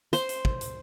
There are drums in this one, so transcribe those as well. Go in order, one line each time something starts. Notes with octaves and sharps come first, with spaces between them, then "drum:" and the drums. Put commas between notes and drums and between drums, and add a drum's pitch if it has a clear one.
C5, drum: hi-hat
drum: hi-hat
drum: kick
drum: hi-hat